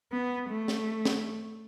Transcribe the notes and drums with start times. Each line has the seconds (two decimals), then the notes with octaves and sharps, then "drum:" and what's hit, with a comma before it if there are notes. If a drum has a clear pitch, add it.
0.12 B3
0.49 A3
0.68 drum: snare
1.05 drum: snare